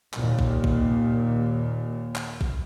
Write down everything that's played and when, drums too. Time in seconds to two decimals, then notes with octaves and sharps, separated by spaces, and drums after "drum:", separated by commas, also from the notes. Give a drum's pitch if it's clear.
0.13 D#2 A#2, drum: clap
0.39 drum: kick
0.64 drum: kick
2.15 drum: clap
2.41 drum: kick